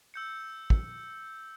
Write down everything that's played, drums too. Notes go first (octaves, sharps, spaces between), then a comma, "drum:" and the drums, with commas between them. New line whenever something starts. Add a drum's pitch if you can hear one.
E6 G6 C#7
drum: kick